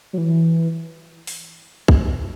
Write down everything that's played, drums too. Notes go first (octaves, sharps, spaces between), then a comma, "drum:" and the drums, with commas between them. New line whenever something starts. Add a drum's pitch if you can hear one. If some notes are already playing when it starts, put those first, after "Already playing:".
F#3
E3
drum: open hi-hat
drum: kick